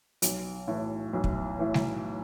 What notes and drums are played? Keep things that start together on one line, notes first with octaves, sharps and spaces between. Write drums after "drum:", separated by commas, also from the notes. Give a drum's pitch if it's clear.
B1, drum: hi-hat
A2 E3
B1
drum: kick
A2 E3
drum: snare G3